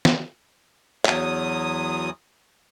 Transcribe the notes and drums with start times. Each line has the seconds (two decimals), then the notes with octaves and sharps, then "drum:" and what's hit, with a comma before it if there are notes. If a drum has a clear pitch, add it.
0.05 drum: snare
1.06 E2 F#3 D#6, drum: clap